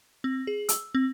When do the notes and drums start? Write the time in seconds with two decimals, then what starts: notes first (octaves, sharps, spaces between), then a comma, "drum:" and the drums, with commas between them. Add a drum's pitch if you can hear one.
0.24 C4
0.47 G#4
0.69 E6, drum: hi-hat
0.95 C4